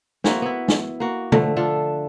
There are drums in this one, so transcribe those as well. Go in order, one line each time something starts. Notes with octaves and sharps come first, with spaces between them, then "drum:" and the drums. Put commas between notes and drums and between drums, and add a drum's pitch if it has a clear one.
A#3 C4 E4 F#4, drum: snare
B3 E4
drum: snare
A#3 F#4
D3 F3 A3, drum: tom
D4 F4 A4